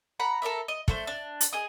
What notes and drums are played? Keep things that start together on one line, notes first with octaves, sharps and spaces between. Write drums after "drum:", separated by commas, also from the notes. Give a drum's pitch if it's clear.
F#5 A#5 B5
A4 A#4 D5 E5
D#5
A3 D4 C5, drum: kick
D4
drum: hi-hat
G#4 D#5 D#6